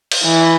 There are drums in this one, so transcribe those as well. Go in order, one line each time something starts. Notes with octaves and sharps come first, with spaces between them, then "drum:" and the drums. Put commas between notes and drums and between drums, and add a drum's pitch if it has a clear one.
drum: cymbal
E3